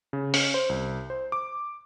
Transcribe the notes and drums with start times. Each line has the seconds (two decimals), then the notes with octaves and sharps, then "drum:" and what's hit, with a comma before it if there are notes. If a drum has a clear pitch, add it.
0.13 C#3
0.34 C#4, drum: open hi-hat
0.54 C5
0.69 C2
1.10 C5
1.32 D6